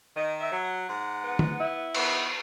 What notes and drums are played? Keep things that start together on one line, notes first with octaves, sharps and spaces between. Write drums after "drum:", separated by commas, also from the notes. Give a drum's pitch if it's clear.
D#3 D#5
E5
F#3
F#5
G#2
B3
drum: tom
E4
B3, drum: cymbal